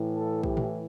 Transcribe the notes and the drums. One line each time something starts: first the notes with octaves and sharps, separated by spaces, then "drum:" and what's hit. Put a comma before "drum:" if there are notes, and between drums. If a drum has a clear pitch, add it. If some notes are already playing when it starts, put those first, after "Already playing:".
Already playing: A2 E3
A4
G4, drum: kick
drum: tom A2